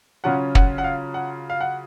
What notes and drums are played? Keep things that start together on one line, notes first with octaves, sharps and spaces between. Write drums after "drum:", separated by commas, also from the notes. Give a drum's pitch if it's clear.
C#3 F#3 C#4 F4 F#5
F#5, drum: kick
F#5
F5
F#5
F5
F#5